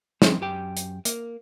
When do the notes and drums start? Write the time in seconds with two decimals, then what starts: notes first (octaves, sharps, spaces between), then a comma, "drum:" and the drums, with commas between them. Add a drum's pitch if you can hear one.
0.22 F3 G3 C4 C#4 D#4 G4, drum: snare
0.41 F#2 G4 G5
0.77 drum: hi-hat
1.05 A#3, drum: hi-hat